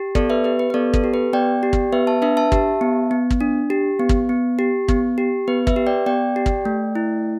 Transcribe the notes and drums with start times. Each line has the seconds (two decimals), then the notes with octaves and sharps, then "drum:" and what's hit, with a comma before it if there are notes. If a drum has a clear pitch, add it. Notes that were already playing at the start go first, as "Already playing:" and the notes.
Already playing: G4
0.15 B3 A4 D5, drum: kick
0.30 B4 E5
0.44 G4 B4
0.59 B4
0.70 B4
0.74 B3 A4 D5
0.94 A4, drum: kick
1.04 G4
1.14 B4
1.33 B3 D5 G5
1.63 G4
1.73 drum: kick
1.92 B3 B4 E5
2.07 E5 A5
2.22 D4 B4 E5
2.37 E5 A5
2.52 G4, drum: kick
2.81 B3
3.11 B3
3.30 drum: kick
3.41 D4
3.70 G4
4.00 B3
4.09 drum: kick
4.29 B3
4.59 G4
4.88 B3, drum: kick
5.18 G4
5.48 B3 B4
5.67 B4 E5, drum: kick
5.76 G4
5.87 D5 G5
6.06 B3 D5 G5
6.36 G4
6.46 drum: kick
6.65 A3
6.95 E4